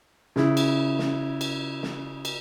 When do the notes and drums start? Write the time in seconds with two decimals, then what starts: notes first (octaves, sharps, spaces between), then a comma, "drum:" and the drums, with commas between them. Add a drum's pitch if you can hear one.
0.36 C#3 E4, drum: snare
0.57 drum: cymbal
0.99 drum: snare
1.41 drum: cymbal
1.83 drum: snare
2.25 drum: cymbal